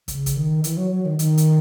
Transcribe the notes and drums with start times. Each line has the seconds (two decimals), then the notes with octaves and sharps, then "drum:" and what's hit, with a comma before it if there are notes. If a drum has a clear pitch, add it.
0.08 C#3, drum: kick, hi-hat
0.26 drum: kick, hi-hat
0.36 D#3
0.64 E3, drum: hi-hat
0.77 F#3
0.91 F#3
1.05 D#3
1.19 D#3, drum: hi-hat
1.38 drum: hi-hat